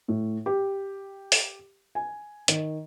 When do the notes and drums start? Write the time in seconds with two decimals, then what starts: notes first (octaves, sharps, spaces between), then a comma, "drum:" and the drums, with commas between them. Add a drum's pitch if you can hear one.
0.08 A2
0.46 G4
1.32 drum: open hi-hat
1.95 G#5
2.48 D#3, drum: hi-hat